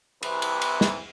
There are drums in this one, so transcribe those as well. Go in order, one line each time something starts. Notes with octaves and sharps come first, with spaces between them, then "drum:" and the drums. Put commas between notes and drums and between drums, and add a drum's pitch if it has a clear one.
C2 C3 E3 B4, drum: cymbal
drum: cymbal
drum: cymbal
drum: snare